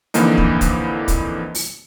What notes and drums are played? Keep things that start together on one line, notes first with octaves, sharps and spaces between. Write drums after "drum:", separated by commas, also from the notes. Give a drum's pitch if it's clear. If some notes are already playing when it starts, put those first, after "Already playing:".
F2 D3 E3 A#3 D#4, drum: hi-hat
drum: kick
drum: kick, hi-hat
drum: kick, hi-hat
drum: open hi-hat